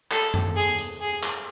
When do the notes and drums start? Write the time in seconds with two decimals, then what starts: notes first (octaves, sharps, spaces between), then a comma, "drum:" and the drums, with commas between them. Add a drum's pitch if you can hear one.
0.11 A4, drum: clap
0.34 drum: tom F#2
0.56 G#4
0.78 drum: hi-hat
1.01 G#4
1.23 drum: clap